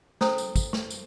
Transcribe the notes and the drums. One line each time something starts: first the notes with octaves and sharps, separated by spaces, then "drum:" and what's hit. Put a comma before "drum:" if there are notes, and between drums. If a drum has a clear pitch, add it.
C#4 E4 A4 C5 D#6, drum: snare
drum: tambourine
drum: kick, tambourine
C#6, drum: snare
drum: tambourine